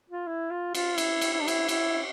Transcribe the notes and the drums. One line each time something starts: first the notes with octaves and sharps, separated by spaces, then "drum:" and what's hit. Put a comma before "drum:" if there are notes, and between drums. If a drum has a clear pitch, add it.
F4
E4
F4
F4, drum: cymbal
E4, drum: cymbal
drum: cymbal
E4
D4
E4, drum: cymbal
E4, drum: cymbal